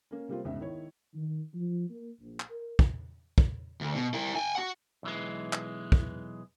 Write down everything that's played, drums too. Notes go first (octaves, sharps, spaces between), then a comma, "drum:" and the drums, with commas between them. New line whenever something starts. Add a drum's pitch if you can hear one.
A#3 C#4
C3 G3 A#3 C4 F4
E1 C#2 G#2 E5
D#3 E4 C#5
D#3
F3
A#3
A#1
drum: clap
A#4
drum: kick
drum: kick
D2
B2
E4 A#4
G5 G#5
F#4 F#5
B1 E3 G#3
drum: clap
drum: kick